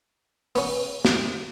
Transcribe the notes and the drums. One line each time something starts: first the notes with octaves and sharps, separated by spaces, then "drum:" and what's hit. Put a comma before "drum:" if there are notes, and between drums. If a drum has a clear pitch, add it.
B3 C#4, drum: open hi-hat
drum: snare